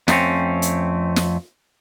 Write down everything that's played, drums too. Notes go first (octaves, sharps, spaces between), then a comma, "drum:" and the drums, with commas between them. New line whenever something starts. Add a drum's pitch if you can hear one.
F2 A3 A#3 C4 C#4, drum: snare
drum: hi-hat
drum: snare